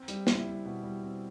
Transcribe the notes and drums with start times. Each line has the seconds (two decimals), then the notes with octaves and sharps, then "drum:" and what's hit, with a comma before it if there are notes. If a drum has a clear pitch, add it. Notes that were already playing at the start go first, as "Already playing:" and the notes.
Already playing: C4
0.08 G3, drum: hi-hat
0.27 E4, drum: snare
0.46 C4
0.65 B2
0.83 G3
1.03 C4